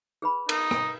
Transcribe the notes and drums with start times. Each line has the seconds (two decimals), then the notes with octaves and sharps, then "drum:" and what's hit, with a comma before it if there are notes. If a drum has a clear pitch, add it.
0.22 G#4 B4 B5
0.49 D#4 A#4, drum: cymbal
0.71 drum: rim click